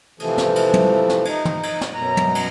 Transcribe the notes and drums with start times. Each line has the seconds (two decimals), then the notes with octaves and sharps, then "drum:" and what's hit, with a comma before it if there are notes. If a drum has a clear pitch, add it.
0.20 C3 E3 F3 A3, drum: cymbal
0.38 drum: snare
0.56 drum: cymbal
0.74 drum: tom
1.09 drum: snare
1.25 D#4, drum: cymbal
1.45 drum: tom
1.63 drum: cymbal
1.81 drum: snare
1.94 F#2 B2 A#5
2.17 drum: tom
2.35 drum: cymbal